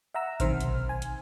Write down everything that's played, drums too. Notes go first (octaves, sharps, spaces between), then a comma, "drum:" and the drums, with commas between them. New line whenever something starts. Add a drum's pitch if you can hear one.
E5 F#5 A#5 E6
B1 C3 D#3 C5 F6, drum: kick A1, hi-hat
drum: hi-hat
G#5
drum: hi-hat